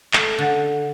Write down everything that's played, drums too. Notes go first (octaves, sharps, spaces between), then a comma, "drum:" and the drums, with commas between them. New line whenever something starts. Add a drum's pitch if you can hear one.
A3, drum: clap
D3